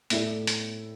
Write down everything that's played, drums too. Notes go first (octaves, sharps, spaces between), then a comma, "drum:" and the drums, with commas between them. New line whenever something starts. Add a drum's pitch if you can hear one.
A2 A3 E4 A4 D5, drum: hi-hat
drum: hi-hat